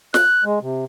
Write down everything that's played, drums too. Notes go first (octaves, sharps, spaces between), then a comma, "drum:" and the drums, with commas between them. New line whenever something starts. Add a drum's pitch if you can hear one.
F#6, drum: snare
G#3
C3